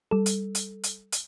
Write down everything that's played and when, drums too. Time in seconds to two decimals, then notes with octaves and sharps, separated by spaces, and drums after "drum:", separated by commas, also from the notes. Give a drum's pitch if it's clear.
0.11 G3 A4
0.26 drum: hi-hat
0.55 drum: hi-hat
0.83 drum: hi-hat
1.12 drum: hi-hat